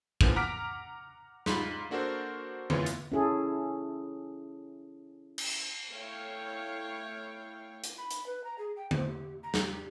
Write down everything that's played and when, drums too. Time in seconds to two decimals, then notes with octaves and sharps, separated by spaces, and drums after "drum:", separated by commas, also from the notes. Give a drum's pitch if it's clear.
0.21 B2 D3 E3 F3 A#3 B3, drum: kick
0.36 F#5 A#5 D6 F6 B6 D7
1.46 G#2 F4 B5, drum: snare
1.90 A#3 D4 F#4 A4 A#4 C5
2.70 F#2 E3 B3 F4 C#5, drum: tom D3
2.86 drum: hi-hat
3.12 C#4 E4 G#4 A4
5.38 drum: cymbal
5.91 A3 E4 C#5 F5 G5
7.84 drum: hi-hat
7.98 B5
8.11 drum: hi-hat
8.26 B4
8.44 A#5
8.59 G#4
8.77 G5
8.91 C5, drum: tom D3
9.08 G4
9.43 A#5
9.54 drum: snare
9.67 G4